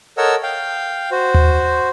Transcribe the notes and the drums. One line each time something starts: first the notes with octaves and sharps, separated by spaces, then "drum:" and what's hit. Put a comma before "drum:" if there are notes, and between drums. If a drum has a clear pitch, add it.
A4 A#4 C#5 D#5 F#5 E6
F5 G5
F#4 C5
drum: tom D#2